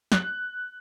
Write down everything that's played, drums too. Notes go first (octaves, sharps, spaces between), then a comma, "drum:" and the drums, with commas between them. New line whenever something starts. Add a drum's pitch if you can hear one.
F#6, drum: snare